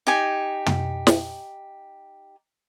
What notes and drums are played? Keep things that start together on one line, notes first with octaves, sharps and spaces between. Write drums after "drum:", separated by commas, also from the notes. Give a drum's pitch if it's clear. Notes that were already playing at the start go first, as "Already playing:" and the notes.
D#4 G4 G#5
drum: tom
drum: snare